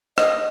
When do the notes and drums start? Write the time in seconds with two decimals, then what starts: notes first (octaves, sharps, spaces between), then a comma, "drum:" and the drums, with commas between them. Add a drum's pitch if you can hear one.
0.18 D#5, drum: rim click